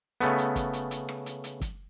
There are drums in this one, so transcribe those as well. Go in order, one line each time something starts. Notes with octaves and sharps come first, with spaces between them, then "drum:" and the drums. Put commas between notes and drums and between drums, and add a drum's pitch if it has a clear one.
C#3 A3 B3, drum: hi-hat
drum: hi-hat
drum: kick, hi-hat
drum: hi-hat
drum: hi-hat
drum: rim click
drum: hi-hat
drum: hi-hat
drum: kick, hi-hat